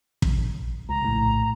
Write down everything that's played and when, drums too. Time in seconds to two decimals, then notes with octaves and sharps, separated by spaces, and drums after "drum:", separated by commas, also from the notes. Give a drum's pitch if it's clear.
0.22 drum: kick
0.39 A#1
0.89 C#2 A#5
1.03 A#1 A2